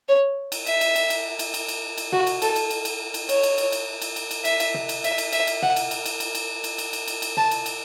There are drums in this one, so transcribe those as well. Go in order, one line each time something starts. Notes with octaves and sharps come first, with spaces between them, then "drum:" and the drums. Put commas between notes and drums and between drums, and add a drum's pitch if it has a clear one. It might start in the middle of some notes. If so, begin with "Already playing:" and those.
C#5
drum: cymbal
E5, drum: cymbal
drum: cymbal
drum: cymbal
drum: cymbal
drum: cymbal
drum: cymbal
drum: cymbal
drum: cymbal
F#4, drum: tom
drum: cymbal
A4, drum: cymbal
drum: cymbal
drum: cymbal
drum: cymbal
drum: cymbal
C#5, drum: cymbal
drum: cymbal
drum: cymbal
drum: cymbal
drum: cymbal
drum: cymbal
drum: cymbal
E5, drum: cymbal
drum: cymbal
drum: tom
drum: cymbal
E5, drum: cymbal
drum: cymbal
E5, drum: cymbal
drum: cymbal
F#5, drum: tom
drum: cymbal
drum: cymbal
drum: cymbal
drum: cymbal
drum: cymbal
drum: cymbal
drum: cymbal
drum: cymbal
drum: cymbal
drum: cymbal
A5, drum: tom
drum: cymbal
drum: cymbal